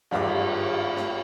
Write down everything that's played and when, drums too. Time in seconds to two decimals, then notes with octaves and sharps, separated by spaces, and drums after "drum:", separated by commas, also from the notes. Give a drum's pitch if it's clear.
0.11 G#1 G2 F4 E5 D6, drum: cymbal
0.96 drum: snare